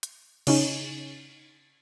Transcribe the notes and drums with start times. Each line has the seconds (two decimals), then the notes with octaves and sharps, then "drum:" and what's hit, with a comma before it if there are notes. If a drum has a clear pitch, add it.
0.03 drum: hi-hat
0.47 C#3 C#4 D#4, drum: cymbal